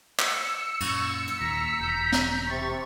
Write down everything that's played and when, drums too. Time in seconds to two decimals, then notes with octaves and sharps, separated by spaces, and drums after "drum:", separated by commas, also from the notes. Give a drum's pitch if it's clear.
0.19 E6 C#7, drum: clap
0.81 F#2 A#2 C#6, drum: cymbal
1.28 drum: hi-hat
1.41 D#2 A#2 A#5 A#6 B6
1.80 E1 G6
2.12 drum: snare
2.50 C3 C#6 A6